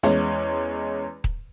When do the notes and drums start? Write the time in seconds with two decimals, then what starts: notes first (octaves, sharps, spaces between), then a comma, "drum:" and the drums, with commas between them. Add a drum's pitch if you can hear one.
0.03 E2 G#3 C#4, drum: hi-hat
1.24 drum: kick D#1